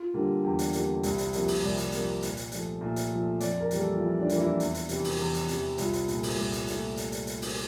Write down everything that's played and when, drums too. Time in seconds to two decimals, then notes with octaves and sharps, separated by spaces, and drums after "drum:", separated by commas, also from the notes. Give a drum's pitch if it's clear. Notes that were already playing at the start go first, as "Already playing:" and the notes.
Already playing: F4
0.14 D3 G3 A#3
0.44 E2 G4
0.59 drum: hi-hat
0.73 D3 G3 A#3, drum: hi-hat
1.03 C2, drum: hi-hat
1.18 drum: hi-hat
1.33 C3 F3 A#3, drum: hi-hat
1.48 drum: open hi-hat
1.63 C2 D5
1.77 drum: hi-hat
1.92 C3 F3 A#3, drum: hi-hat
2.22 A#2, drum: hi-hat
2.37 drum: hi-hat
2.52 F3 A3, drum: hi-hat
2.81 A#2 E5
2.96 drum: hi-hat
3.11 F3 A3 E5
3.40 F2 D5, drum: hi-hat
3.60 A#4
3.71 E3 G3 A#3, drum: hi-hat
3.80 A4
3.94 F4
4.01 F2 E4
4.19 D4
4.29 E3 G3 A#3, drum: hi-hat
4.40 E4
4.60 E2, drum: hi-hat
4.75 drum: hi-hat
4.89 C3 E3, drum: hi-hat
5.04 drum: open hi-hat
5.19 E2
5.34 drum: hi-hat
5.48 C3 E3, drum: hi-hat
5.78 C2 F4, drum: hi-hat
5.93 drum: hi-hat
6.08 A#2 A3, drum: hi-hat
6.23 drum: open hi-hat
6.37 C2
6.53 drum: hi-hat
6.68 A#2 A3, drum: hi-hat
6.97 drum: hi-hat
7.12 drum: hi-hat
7.27 drum: hi-hat
7.42 drum: open hi-hat